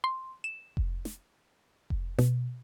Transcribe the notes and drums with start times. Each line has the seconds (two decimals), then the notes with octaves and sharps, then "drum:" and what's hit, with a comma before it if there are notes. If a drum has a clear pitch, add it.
0.04 C6
0.44 E7
0.77 drum: kick F1
1.05 drum: snare
1.90 drum: kick F1
2.19 B2, drum: snare